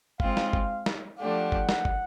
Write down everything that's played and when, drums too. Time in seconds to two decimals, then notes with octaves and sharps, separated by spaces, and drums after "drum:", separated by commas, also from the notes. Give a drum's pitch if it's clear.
0.20 G#3 C4 F4 F5, drum: kick
0.37 drum: snare
0.53 drum: kick
0.86 drum: snare
1.19 F3 A3 D4 G4 F#5
1.52 drum: kick
1.69 drum: snare
1.85 drum: kick